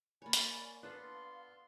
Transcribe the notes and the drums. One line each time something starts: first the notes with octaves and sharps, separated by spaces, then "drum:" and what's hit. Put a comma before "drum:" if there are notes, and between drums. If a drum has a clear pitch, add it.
A#3 C#5 D5 G#5 B5
drum: hi-hat
B3 D4 F4 A4 B4 F5 C6